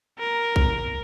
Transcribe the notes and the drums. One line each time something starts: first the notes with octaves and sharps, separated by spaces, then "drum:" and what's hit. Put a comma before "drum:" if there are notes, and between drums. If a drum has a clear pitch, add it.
A#4
drum: kick